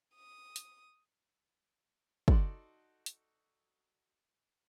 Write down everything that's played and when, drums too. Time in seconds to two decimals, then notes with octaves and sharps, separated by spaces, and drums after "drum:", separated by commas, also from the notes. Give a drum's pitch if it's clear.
0.15 D#6
0.56 drum: hi-hat
2.28 D#4 F#4 A4 D5 F#5 C6, drum: kick
3.06 drum: hi-hat